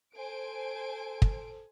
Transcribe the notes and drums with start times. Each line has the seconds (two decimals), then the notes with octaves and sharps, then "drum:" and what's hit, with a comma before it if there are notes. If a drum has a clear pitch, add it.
0.15 A4 C5 G#5 D7
1.22 drum: kick